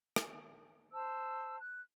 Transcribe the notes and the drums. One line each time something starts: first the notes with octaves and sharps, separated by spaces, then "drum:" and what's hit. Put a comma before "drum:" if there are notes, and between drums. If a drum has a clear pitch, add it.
drum: rim click
C5 A5 E6
F#6